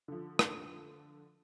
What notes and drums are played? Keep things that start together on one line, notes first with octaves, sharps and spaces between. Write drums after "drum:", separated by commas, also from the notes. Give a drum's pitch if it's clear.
D3 F3
drum: rim click